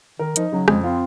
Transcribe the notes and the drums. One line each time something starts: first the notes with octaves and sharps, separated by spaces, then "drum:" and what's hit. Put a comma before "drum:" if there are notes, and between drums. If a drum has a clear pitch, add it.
D#3 A#4
F3 D#4, drum: hi-hat
C#3 F#3
F2 G#3, drum: rim click
C4 F4